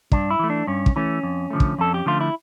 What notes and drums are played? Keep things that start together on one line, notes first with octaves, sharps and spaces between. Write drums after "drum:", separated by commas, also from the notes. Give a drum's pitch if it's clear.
G2 D4, drum: kick
E4
E3 A3
D4
G2 C#4
drum: kick
E3 A3 C#4
F2
D3 F3 A3
drum: kick
F2 A4
G4
D3 F3 A3 F4
E4